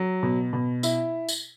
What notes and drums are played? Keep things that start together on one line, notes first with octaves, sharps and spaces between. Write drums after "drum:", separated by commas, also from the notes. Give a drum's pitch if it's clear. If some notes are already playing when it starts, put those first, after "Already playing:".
Already playing: F#3
B2
B2
E4, drum: tambourine
drum: tambourine